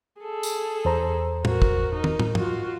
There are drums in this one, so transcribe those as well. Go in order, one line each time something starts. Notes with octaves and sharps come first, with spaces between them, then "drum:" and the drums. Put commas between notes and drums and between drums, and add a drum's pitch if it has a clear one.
G#4 A4
drum: tambourine
E2 C5 A#5
F#4 A#4, drum: tom
drum: kick
D#4 A#4
drum: tom
drum: tom
F4 F#4, drum: tom